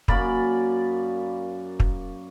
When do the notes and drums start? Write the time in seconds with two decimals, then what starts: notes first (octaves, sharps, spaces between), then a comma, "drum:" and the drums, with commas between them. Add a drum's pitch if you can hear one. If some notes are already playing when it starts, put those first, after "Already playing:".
0.08 F#2 A#3 D5 B5, drum: kick
1.80 drum: kick